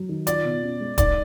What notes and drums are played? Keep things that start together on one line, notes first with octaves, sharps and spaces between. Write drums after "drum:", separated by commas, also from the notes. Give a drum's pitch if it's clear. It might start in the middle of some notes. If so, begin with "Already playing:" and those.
Already playing: F#3
D#3
F4 D5, drum: hi-hat
B2
C#4
G#3
D#4 D5, drum: kick, hi-hat